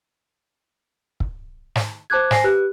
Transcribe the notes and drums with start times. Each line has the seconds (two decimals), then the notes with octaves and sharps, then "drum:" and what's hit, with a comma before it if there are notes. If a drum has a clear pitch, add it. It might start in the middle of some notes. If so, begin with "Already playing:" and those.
1.20 drum: kick
1.76 drum: snare
2.10 C5 A5 D6 F#6 G#6
2.31 C5 G#5 A#6 C7, drum: snare
2.44 G4 B4 F#6